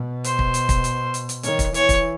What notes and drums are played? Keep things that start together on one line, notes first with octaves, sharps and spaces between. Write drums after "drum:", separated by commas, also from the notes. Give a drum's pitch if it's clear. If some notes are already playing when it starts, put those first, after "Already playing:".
Already playing: B2
C5, drum: hi-hat
drum: kick
drum: hi-hat
drum: kick, hi-hat
drum: hi-hat
drum: hi-hat
drum: hi-hat
D#3 C#5, drum: hi-hat
drum: kick, hi-hat
E3 C#5, drum: hi-hat
drum: kick, hi-hat